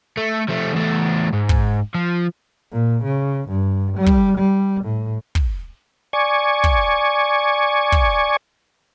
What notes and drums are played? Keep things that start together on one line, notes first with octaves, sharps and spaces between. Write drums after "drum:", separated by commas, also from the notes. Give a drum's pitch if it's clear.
A3
F3 A3
E2 A3
G#2
drum: kick
F3
A#2
C#3
G2
G3
drum: kick
G3
A2
drum: kick
D5 G#5 C#6
drum: kick
drum: kick